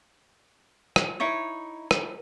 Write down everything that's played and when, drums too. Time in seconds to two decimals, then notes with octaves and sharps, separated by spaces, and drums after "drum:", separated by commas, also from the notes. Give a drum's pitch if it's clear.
0.96 drum: rim click
1.20 D#4 E4 C#5
1.91 drum: rim click